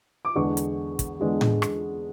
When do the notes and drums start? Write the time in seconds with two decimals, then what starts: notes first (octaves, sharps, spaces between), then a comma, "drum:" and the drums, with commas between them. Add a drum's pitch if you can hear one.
0.25 D6
0.35 E2 D3 G#3 B3 D4 C#6
0.57 drum: hi-hat
0.99 drum: kick, hi-hat
1.19 E2 D3 G#3 B3 D4
1.41 drum: tom A2
1.62 drum: rim click